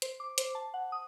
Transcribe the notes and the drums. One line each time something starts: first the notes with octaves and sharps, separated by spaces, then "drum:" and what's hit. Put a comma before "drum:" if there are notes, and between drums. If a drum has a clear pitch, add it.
C5, drum: hi-hat
D6
C5, drum: hi-hat
A5
F#5
D#6